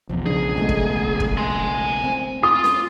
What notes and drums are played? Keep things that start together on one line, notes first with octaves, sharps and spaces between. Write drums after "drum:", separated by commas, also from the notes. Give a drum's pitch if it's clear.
B1 E2 F3
B1 C#3 D4 G#4
G#3 A3 B3
drum: kick
drum: kick
G#5 C6
C4
F4 D#6
drum: snare C#4